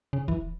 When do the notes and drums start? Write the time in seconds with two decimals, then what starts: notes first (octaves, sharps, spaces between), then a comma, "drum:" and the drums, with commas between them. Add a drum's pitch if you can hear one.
0.13 C#3
0.28 E3, drum: kick